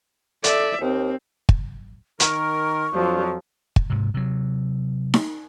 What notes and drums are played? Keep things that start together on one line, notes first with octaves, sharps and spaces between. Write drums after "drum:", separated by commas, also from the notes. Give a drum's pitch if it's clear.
A3 D5 E5, drum: hi-hat
D#2 C4
drum: kick
D#3 A#4 C#6, drum: hi-hat
F2 F3 F#3 D4
drum: kick
G#2 C3
C3 F#3
drum: snare D#4